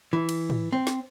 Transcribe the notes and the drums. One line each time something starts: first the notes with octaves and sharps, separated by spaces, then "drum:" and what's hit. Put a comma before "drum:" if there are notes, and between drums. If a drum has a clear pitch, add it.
E3
drum: cymbal
drum: tom
C4
drum: snare